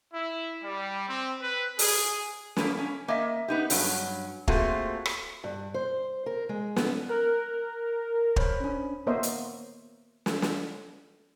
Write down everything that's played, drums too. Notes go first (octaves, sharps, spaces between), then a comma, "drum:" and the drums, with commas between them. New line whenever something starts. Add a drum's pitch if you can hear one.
E4
G3
C4
B4
G#4, drum: open hi-hat
A#3 B3 C#4, drum: snare
C#4
A#3 D#5 E5
B3 D#4 G4
G2 F#3 C#4, drum: open hi-hat
A3 A#3 C4 F4 F#4 G#4, drum: kick
drum: rim click
G2
C5
A#4
G#3
B3, drum: snare
A#4 F6 F#6
C5 C#5 B5, drum: kick
C#4 D4
A#3 B3 C5 C#5 D#5 E5
drum: hi-hat
drum: snare
drum: snare